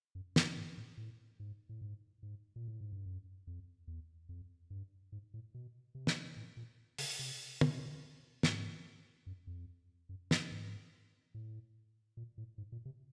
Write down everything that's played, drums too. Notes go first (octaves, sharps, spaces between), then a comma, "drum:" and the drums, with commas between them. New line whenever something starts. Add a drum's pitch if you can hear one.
F#2
F#2, drum: snare
G#2
A2
A2
G#2
A2
G#2
G#2
A#2
A2
G#2
G2
F#2
F2
E2
F2
G2
G#2
A2
B2
C3
drum: snare
A2
A#2
C#3, drum: open hi-hat
C3
B2, drum: tom
G#2, drum: snare
F#2
F2
F#2
G#2, drum: snare
G#2
A2
A#2
A2
G#2
A#2
C3